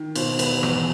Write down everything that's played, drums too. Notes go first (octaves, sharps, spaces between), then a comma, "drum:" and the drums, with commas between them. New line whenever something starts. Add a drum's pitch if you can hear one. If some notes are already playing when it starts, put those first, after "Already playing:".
Already playing: D#3
B2 C5, drum: cymbal
E1 B4, drum: cymbal
E2 B4, drum: rim click